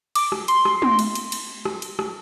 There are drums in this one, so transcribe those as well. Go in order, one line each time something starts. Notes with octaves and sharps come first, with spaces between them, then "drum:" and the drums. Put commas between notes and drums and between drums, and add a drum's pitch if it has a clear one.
D6, drum: cymbal
drum: rim click
C6, drum: cymbal
drum: rim click
drum: tom
drum: cymbal
drum: cymbal
drum: cymbal
drum: rim click
drum: cymbal
drum: rim click